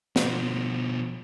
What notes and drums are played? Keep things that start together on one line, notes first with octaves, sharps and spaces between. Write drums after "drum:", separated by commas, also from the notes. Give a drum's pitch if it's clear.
B2 F3, drum: snare